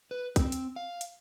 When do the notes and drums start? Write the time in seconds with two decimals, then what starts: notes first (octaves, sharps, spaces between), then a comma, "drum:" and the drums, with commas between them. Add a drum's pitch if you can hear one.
0.11 B4
0.36 C4, drum: kick, hi-hat
0.52 drum: hi-hat
0.76 F5
1.01 drum: hi-hat